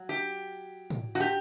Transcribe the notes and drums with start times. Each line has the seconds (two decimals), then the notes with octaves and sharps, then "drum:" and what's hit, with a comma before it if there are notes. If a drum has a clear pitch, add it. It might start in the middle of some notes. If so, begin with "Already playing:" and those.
Already playing: F#3
0.09 G4
0.90 drum: tom A2
1.15 F#4
1.20 G4